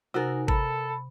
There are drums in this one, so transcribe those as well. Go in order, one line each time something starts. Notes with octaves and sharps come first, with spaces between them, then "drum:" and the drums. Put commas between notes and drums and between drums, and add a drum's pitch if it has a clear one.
C3 D#4 F#4 A#4 G#5 A6
A4 A#4 B5, drum: kick G#1